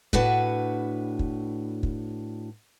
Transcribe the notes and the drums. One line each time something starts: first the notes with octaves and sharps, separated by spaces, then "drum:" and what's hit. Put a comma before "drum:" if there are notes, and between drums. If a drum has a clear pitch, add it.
A2 D4 F#4 B4 C#5, drum: kick
drum: kick
drum: kick